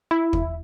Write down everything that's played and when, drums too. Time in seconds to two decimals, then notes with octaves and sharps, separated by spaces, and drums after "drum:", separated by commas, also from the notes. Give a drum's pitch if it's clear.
0.11 E4
0.33 drum: kick